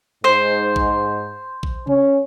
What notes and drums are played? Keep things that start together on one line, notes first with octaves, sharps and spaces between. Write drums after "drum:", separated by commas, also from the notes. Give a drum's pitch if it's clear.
G#2 C5
drum: kick A#1
drum: kick A#1
C#4, drum: tom C3